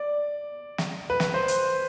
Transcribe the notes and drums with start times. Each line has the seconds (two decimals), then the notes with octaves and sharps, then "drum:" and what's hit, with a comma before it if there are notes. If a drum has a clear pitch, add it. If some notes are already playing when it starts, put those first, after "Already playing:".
Already playing: D5
0.78 drum: snare
1.10 B4
1.20 drum: snare
1.34 C5
1.48 drum: hi-hat